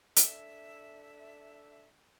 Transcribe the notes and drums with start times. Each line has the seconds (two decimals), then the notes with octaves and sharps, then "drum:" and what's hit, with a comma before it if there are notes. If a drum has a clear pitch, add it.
0.16 D4 A4 E5, drum: hi-hat